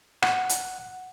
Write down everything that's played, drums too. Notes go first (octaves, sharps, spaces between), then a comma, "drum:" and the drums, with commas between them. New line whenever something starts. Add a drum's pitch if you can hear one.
F#5, drum: rim click
drum: hi-hat